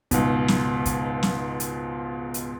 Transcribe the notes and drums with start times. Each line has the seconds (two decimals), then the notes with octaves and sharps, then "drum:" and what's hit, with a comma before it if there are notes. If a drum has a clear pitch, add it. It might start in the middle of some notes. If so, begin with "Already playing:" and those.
0.11 C#2 G#2 B2, drum: kick, hi-hat
0.48 drum: snare
0.85 drum: kick, hi-hat
1.23 drum: snare
1.60 drum: hi-hat
2.34 drum: hi-hat